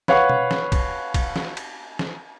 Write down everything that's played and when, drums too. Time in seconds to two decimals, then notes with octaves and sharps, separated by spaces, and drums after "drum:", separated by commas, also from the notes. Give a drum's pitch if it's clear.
0.08 B4 C#5 F5 F#5 C#6, drum: snare
0.29 drum: tom B2
0.51 drum: snare
0.72 drum: kick, cymbal
1.14 drum: kick, cymbal
1.36 drum: snare
1.57 drum: cymbal
1.99 drum: snare